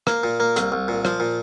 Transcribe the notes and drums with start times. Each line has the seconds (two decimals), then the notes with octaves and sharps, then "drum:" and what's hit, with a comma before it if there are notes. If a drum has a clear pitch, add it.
0.07 A#3, drum: rim click
0.23 A#2
0.40 A#3
0.56 C2, drum: hi-hat
0.72 C2
0.88 A#2
1.05 F3, drum: rim click
1.20 A#2